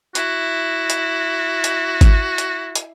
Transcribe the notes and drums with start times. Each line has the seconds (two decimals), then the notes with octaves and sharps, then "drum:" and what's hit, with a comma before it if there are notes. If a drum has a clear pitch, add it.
0.15 E4 F#4, drum: hi-hat
0.90 drum: hi-hat
1.64 drum: hi-hat
2.01 drum: kick G#1, hi-hat
2.38 drum: hi-hat
2.75 drum: hi-hat